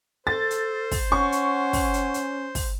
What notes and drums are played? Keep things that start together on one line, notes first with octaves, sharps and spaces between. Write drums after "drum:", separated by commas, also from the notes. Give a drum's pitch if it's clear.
A4 C5 A6
drum: hi-hat
drum: kick, open hi-hat
C#4 F#5 C#6
drum: hi-hat
drum: kick, open hi-hat
drum: hi-hat
drum: hi-hat
drum: kick, open hi-hat